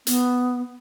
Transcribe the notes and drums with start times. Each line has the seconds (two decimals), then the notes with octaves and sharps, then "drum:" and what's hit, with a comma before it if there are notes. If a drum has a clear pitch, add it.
0.07 B3, drum: hi-hat